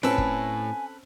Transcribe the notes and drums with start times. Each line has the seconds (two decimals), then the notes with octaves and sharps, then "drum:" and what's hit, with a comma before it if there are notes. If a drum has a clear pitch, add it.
0.03 A2 C4 C#4 A4 B4 G#5, drum: snare
0.18 drum: kick